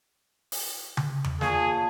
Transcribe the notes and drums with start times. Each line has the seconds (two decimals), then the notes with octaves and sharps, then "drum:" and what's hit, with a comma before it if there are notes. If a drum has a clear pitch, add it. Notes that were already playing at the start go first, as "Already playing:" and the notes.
0.52 drum: open hi-hat
0.97 drum: tom C#3
1.24 drum: tom E2
1.41 A#2 G#4 C#5 A5, drum: snare